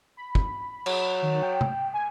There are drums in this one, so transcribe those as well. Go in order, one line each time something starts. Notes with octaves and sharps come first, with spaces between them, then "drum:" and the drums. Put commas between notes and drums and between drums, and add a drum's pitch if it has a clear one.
B5
drum: kick
F#3, drum: cymbal
D#3
G5
drum: tom C3
G#5